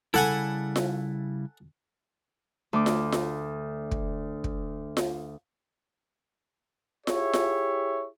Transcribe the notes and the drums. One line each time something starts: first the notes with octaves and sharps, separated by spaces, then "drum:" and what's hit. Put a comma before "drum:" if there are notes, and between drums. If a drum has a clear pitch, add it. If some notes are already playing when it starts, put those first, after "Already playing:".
C#3 G3 E4 A4 F#5 G#5
drum: snare F4
D2 D6
drum: snare F4
drum: snare F4
drum: kick
drum: kick
drum: snare F4
E4 G4 G#4 C#5 E5, drum: snare F4
drum: snare F4